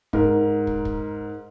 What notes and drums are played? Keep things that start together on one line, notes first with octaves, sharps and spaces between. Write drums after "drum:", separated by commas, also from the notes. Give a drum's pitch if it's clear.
G#2 A#4, drum: kick
drum: kick
drum: kick